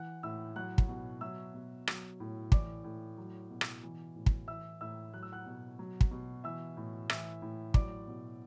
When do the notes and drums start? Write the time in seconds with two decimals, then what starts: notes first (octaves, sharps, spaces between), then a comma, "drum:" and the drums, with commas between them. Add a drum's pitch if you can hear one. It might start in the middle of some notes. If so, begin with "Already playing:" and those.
Already playing: E3 F#5 F#6
0.23 A2 E5 E6
0.56 F#3 F#5 F#6
0.78 drum: kick
0.88 B2
1.21 F#3 E5 E6
1.54 B2
1.87 F#3, drum: rim click
2.20 A2
2.52 E3 D5 D6, drum: kick
2.84 A2
3.18 F#3
3.50 B2
3.61 drum: rim click
3.83 E3
4.16 A2
4.26 drum: kick
4.48 E3 E5 E6
4.81 A2 E5 E6
5.13 F#3 F#6
5.23 E6
5.32 F#5 F#6
5.46 B2
5.79 F#3
6.01 drum: kick
6.11 B2
6.44 E3 E5 E6
6.77 A2
7.10 E3 E5 E6, drum: rim click
7.42 A2
7.74 F#3 D5 D6, drum: kick
8.08 B2